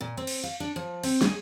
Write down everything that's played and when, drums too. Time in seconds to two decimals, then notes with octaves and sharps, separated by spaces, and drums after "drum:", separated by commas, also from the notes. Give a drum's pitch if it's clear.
0.01 A#2
0.17 C4
0.27 drum: cymbal
0.43 F5
0.60 D4
0.76 F3
1.03 C4, drum: cymbal
1.21 G#4, drum: snare